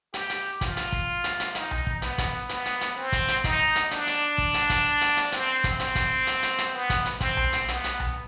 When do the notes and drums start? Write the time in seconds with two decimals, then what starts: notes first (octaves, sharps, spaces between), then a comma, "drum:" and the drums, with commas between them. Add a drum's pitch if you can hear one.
0.14 G4, drum: hi-hat
0.30 drum: hi-hat
0.61 F4, drum: kick, hi-hat
0.77 drum: hi-hat
0.92 drum: kick
1.24 drum: hi-hat
1.40 drum: hi-hat
1.55 D#4, drum: hi-hat
1.71 drum: tom B1
1.87 drum: kick
2.02 B3, drum: hi-hat
2.18 drum: kick, hi-hat
2.49 B3, drum: hi-hat
2.65 drum: hi-hat
2.81 drum: hi-hat
2.97 C4
3.12 drum: kick, hi-hat
3.28 drum: hi-hat
3.44 D#4, drum: kick, hi-hat
3.75 drum: hi-hat
3.91 D4, drum: hi-hat
4.07 drum: hi-hat
4.38 drum: kick
4.54 drum: hi-hat
4.70 drum: kick, hi-hat
5.01 drum: hi-hat
5.17 drum: hi-hat
5.32 C4, drum: hi-hat
5.64 drum: kick, hi-hat
5.79 C4, drum: hi-hat
5.95 drum: kick, hi-hat
6.27 drum: hi-hat
6.42 drum: hi-hat
6.58 drum: hi-hat
6.74 B3
6.90 drum: kick, hi-hat
7.05 drum: hi-hat
7.20 C4, drum: kick, hi-hat
7.37 drum: tom B1
7.52 drum: hi-hat
7.68 B3, drum: hi-hat
7.84 drum: hi-hat
8.00 drum: tom B1